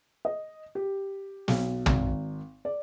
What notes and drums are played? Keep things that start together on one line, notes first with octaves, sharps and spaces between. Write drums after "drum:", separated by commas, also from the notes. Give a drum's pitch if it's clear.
D#5
G4
B1, drum: snare
G#1, drum: tom
D5